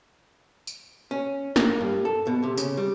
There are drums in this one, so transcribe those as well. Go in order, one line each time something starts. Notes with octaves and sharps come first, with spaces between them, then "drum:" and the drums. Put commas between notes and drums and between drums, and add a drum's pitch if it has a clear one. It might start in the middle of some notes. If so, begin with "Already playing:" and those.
drum: tambourine
C#4
A#3, drum: snare
G2
A4
B2
C3
C#3, drum: tambourine
G3